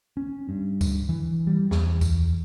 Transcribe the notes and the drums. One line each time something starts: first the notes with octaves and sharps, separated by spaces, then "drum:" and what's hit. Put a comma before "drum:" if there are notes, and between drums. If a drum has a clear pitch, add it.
C#4
G2
drum: kick C#2, tambourine
E3
G3
E2, drum: snare
drum: kick C#2, tambourine